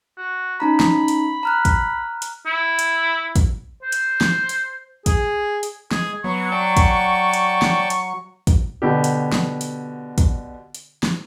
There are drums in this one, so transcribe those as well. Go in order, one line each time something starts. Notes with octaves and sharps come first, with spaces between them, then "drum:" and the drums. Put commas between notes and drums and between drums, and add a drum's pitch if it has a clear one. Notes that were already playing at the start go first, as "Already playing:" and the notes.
F#4
C#4 D#4 A#5 B5
drum: snare
drum: hi-hat
A#5 F6 F#6
drum: kick, hi-hat
drum: hi-hat
E4
drum: hi-hat
drum: kick, hi-hat
C5
drum: hi-hat
drum: snare
drum: hi-hat
G#4, drum: kick, hi-hat
drum: hi-hat
G#3 G#4, drum: snare
F#3 B3 C#6
D5 G5 A5
drum: kick, hi-hat
drum: hi-hat
drum: snare
drum: hi-hat
drum: kick, hi-hat
B2 D3 G4
drum: hi-hat
drum: snare
drum: hi-hat
drum: kick, hi-hat
drum: hi-hat
drum: snare